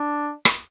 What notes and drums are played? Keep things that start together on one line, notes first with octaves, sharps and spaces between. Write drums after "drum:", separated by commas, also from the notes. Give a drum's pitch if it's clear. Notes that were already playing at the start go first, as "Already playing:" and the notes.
Already playing: D4
drum: rim click